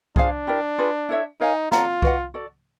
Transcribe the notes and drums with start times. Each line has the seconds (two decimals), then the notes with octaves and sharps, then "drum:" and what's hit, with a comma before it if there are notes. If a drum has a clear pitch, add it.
0.16 D4 F4 G#4 C5 F5, drum: kick C2
0.47 E4 G4 A#4 D5
0.78 F4 G#4 B4
1.09 E4 A4 C#5 E5
1.40 D#4 A#4 C#5 F5 G#5
1.72 F4 A4 D5 F#5 A#5, drum: snare
2.02 F#4 B4 D#5 F#5, drum: kick C2
2.34 F#4 A4 D5